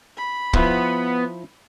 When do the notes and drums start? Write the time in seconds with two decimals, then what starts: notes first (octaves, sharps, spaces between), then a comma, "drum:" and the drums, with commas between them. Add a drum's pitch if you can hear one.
0.17 B5
0.53 F3 B3 E4 C5, drum: kick